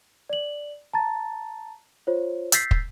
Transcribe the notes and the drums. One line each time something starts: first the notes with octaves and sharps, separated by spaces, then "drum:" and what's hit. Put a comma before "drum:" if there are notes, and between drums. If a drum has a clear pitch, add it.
D5 F#7
A5 A#5 A6
F4 C5 C#5
E6 G6 A6 B6 C7, drum: hi-hat
drum: kick